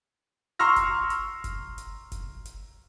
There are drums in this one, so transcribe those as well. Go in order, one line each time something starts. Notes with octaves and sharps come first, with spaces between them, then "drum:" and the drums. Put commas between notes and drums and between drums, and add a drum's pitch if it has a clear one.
A#5 C6 C#6 E6 F6 A#6
drum: kick F1, hi-hat
drum: hi-hat
drum: kick F1, hi-hat
drum: hi-hat
drum: kick F1, hi-hat
drum: hi-hat